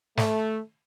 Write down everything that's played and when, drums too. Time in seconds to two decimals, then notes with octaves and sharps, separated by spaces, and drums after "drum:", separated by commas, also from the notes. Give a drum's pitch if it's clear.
0.17 A3, drum: snare